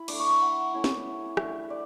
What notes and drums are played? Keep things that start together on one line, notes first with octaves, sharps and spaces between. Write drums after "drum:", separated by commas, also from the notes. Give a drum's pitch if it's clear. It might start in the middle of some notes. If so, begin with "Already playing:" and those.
Already playing: E4 B5
A3 D4 D6, drum: cymbal
C#6
B5
F#5
A3 C#4 E4
drum: snare
A3 D4 E5, drum: rim click
D5